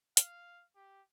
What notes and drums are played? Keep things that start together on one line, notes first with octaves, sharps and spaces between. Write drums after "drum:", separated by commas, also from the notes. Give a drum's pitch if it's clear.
F5, drum: hi-hat
G4